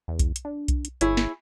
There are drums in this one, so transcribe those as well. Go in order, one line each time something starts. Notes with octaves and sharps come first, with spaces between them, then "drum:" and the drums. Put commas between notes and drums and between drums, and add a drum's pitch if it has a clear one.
E2
drum: kick B1, hi-hat
drum: hi-hat
D4
drum: kick B1, hi-hat
drum: hi-hat
G1 E4 G#4 C#5, drum: hi-hat
drum: snare